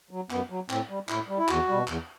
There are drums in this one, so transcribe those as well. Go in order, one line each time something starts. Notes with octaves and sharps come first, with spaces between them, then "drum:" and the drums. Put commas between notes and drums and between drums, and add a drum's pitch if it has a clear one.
F#3
F#2 B3, drum: clap
F#3
A2 C4, drum: clap
G3
A2 E4, drum: clap
G3
E4
E2 F#4, drum: clap
B2 G3
E2, drum: clap